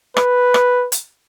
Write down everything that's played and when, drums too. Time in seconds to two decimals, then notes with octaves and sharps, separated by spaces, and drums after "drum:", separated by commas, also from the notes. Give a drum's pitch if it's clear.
0.17 B4, drum: rim click
0.54 drum: rim click
0.92 drum: hi-hat